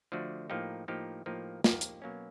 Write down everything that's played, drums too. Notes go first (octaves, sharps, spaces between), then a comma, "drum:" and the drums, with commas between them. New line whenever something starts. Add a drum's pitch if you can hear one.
D3 F3 A3 D4 F#4
A2 F3 A#3 D#4 G4
A2 F3 A#3 D#4 G4
A2 F3 A#3 D#4 G4
A2 F3 A#3 D#4 G4, drum: snare
drum: hi-hat
B2 F#3 A#3 C#4